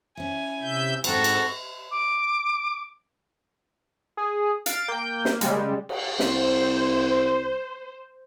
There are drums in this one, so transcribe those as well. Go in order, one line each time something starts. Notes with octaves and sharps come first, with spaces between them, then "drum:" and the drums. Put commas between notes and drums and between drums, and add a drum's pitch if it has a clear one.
C#4 E4 G#5
C3 E5 G6
G#2 C4 D4 F#4 A4 A#4 A#5, drum: cymbal
drum: cymbal
D6
G#4
F5 A6 D7, drum: hi-hat
A#3 G5 G6
drum: snare
C#3 G3 G#3, drum: hi-hat
drum: cymbal
C2 C5, drum: snare